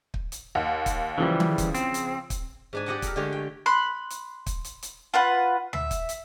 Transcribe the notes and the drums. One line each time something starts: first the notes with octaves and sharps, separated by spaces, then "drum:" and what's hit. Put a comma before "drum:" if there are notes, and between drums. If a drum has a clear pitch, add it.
drum: kick
drum: hi-hat
D#2 F#5
drum: kick, hi-hat
C#3 E3 F3 G3
drum: tom D#3
drum: kick, hi-hat
C4, drum: hi-hat
drum: hi-hat
drum: kick, hi-hat
G#2 D4 G#5
G4 D5 D#5 F#5 G5 A5
A4 A#4, drum: kick, hi-hat
D3 G#3 A3 G4 C#5
G5
B5 C6 F#6
drum: hi-hat
drum: kick, hi-hat
drum: hi-hat
drum: hi-hat
F4 B4 F#5
E5, drum: tom D2
drum: kick, hi-hat
drum: hi-hat